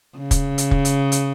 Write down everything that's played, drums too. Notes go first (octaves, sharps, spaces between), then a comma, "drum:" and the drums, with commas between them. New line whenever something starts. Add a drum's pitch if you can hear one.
C#3
drum: kick, hi-hat
drum: hi-hat
drum: kick
drum: hi-hat
drum: hi-hat